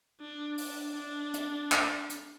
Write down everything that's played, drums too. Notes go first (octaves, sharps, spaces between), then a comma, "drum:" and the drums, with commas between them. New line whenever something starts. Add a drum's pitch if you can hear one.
D4
D4, drum: open hi-hat
D4
drum: hi-hat
drum: clap
drum: hi-hat